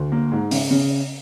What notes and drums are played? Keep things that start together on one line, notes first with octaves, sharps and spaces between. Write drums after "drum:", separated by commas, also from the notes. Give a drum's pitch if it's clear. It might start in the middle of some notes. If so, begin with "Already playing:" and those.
Already playing: D2
A#3
G#2
C#3, drum: open hi-hat
C#3